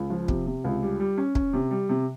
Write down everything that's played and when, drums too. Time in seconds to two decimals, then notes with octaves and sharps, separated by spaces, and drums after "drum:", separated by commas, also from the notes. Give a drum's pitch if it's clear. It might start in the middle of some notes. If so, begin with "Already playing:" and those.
Already playing: C#2
0.10 F3
0.28 C3, drum: kick
0.46 C3
0.64 C#2
0.82 G3
1.00 G3
1.18 C#4
1.35 C#4, drum: kick
1.53 C3
1.71 G3
1.89 C3